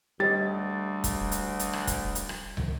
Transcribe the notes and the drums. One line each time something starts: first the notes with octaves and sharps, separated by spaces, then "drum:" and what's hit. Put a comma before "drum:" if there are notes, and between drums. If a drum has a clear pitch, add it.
D2 G3 G4 C#5 D#5 A6
drum: kick E1, hi-hat
drum: hi-hat
drum: hi-hat
drum: rim click
drum: kick E1, hi-hat
drum: hi-hat
drum: rim click
drum: tom